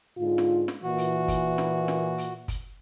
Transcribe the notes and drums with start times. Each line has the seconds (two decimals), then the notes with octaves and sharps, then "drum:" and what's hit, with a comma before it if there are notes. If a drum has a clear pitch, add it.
0.17 G#2 D3 F4
0.38 drum: snare
0.68 drum: snare
0.83 A#2 E3 F#4
0.98 drum: hi-hat
1.28 drum: kick, hi-hat
1.58 drum: snare
1.88 drum: snare
2.18 drum: hi-hat
2.48 drum: kick, hi-hat